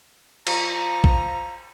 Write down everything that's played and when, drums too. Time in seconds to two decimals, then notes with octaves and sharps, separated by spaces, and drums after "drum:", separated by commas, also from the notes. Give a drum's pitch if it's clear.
0.47 F3 A#5, drum: cymbal
1.04 drum: kick A#1